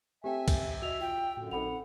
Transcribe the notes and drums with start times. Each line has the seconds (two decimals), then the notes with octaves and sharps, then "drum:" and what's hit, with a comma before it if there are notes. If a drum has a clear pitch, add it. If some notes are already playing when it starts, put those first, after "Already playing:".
0.24 A3 C4 G4 A4 E5 G5 G#5
0.48 drum: kick B1, cymbal
0.82 F#4 D#5 E6 F7
1.01 F4 G5
1.37 F#2 A2 D3 F#4
1.51 A#1 C4 D#4 A4 F#5 B5 F7